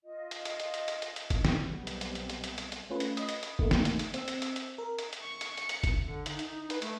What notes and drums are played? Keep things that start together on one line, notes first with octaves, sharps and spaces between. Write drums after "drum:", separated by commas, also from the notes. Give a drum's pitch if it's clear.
F4 D#5
drum: hi-hat
drum: hi-hat
drum: hi-hat
drum: hi-hat
drum: hi-hat
drum: hi-hat
drum: hi-hat
drum: kick, hi-hat
drum: snare
B1 G3 B3 C4
drum: hi-hat
drum: hi-hat
drum: hi-hat
drum: hi-hat
drum: hi-hat
drum: hi-hat
drum: hi-hat
A3 C#4 F4 B4
drum: hi-hat
D#5 B5 D#6, drum: hi-hat
drum: hi-hat
drum: hi-hat
D#3 A3 A#3, drum: kick
drum: snare
drum: hi-hat
drum: hi-hat
C4 E6, drum: hi-hat
drum: hi-hat
drum: hi-hat
drum: hi-hat
A#4
drum: hi-hat
drum: hi-hat
C#6
drum: hi-hat
C#7, drum: hi-hat
drum: hi-hat
drum: kick, hi-hat
D3
D#4, drum: hi-hat
D#4, drum: hi-hat
D#4
B4, drum: hi-hat
A3, drum: hi-hat